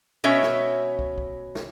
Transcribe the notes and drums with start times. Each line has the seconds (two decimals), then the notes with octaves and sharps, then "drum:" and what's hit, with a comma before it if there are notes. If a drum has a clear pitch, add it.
0.24 B2 C#4 C#5 E5
0.43 drum: snare
0.99 drum: kick
1.18 drum: kick
1.55 drum: snare